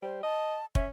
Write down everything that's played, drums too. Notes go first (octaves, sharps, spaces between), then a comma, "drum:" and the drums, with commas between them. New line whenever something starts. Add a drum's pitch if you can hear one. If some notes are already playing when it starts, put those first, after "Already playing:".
G3 C5
D#5 A5
C#4 E5, drum: kick